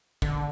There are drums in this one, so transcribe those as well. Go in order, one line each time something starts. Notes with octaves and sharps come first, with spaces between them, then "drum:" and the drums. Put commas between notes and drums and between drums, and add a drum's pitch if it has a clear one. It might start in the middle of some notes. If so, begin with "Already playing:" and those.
D3, drum: kick